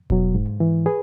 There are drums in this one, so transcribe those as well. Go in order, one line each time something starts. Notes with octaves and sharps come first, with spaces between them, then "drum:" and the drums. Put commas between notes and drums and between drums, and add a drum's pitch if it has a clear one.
B2 F#3, drum: kick E1
G#2
E3
G#4 B4